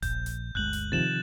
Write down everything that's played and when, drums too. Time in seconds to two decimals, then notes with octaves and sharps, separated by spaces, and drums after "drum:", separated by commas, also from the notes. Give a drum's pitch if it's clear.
0.02 A#1 G6, drum: kick E1, hi-hat
0.26 drum: hi-hat
0.55 G1 D2 G#3 F#6 G6 F#7
0.73 drum: hi-hat
0.92 C3 D#3 F3 A6 E7 F#7